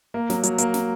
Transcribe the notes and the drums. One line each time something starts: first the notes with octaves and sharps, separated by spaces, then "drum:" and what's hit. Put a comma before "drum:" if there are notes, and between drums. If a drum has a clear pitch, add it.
A#3
F#3, drum: snare
F#3, drum: hi-hat
A#3, drum: hi-hat
drum: snare